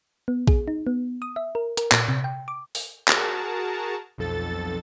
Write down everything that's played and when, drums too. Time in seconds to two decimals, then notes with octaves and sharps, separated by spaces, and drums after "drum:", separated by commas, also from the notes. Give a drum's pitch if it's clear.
0.28 B3
0.48 G#4, drum: kick A#1
0.68 D#4
0.87 B3
1.22 D#6
1.36 E5
1.55 A#4
1.77 A#4, drum: hi-hat
1.92 A#2, drum: clap
2.08 C3
2.24 G5
2.48 D6
2.75 drum: open hi-hat
3.08 F#4 G#4 A#4 A5 A#5, drum: clap
4.18 B1 F2 A4 A6